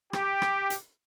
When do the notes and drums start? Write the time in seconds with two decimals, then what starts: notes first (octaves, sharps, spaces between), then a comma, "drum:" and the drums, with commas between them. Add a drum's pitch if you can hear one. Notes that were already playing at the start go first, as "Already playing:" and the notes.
0.13 G4, drum: rim click
0.42 drum: rim click
0.70 drum: hi-hat